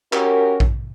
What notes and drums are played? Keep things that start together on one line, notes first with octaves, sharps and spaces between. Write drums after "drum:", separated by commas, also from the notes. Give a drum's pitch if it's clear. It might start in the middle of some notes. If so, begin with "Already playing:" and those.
C#4 F#4 G4 A#4, drum: clap
drum: kick A#1